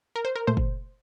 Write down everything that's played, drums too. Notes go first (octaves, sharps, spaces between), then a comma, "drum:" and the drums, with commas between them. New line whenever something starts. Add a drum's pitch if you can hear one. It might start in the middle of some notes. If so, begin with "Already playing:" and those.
A#4
C5
A#4
A#2 A3 C5
drum: kick